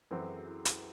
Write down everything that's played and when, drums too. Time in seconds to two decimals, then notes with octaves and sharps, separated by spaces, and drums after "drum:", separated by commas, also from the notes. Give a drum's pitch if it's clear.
0.11 F#2 E3 C4 G#4
0.19 A4
0.28 G#4
0.38 F#4
0.47 E4
0.65 drum: hi-hat